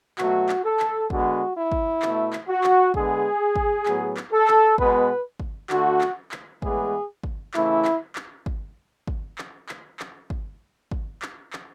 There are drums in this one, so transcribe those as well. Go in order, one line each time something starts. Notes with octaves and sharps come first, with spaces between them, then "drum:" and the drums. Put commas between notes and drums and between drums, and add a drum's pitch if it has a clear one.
B2 F#3 A3 F#4, drum: clap
drum: clap
A4
drum: clap
D3 G#3 B3 F#4, drum: kick
E4
drum: kick
B2 A3, drum: clap
drum: clap
F#4
drum: clap
D3 G#3 B3 G#4, drum: kick
drum: kick
A2 F#3 B3, drum: clap
drum: clap
A4
drum: clap
B2 G#3 B3 B4, drum: kick
drum: kick
D3 A3 F#4, drum: clap
drum: clap
drum: clap
A2 E3 G#3 B3 G#4, drum: kick
drum: kick
C#3 E3 A3 E4, drum: clap
drum: clap
drum: clap
drum: kick
drum: kick
drum: clap
drum: clap
drum: clap
drum: kick
drum: kick
drum: clap
drum: clap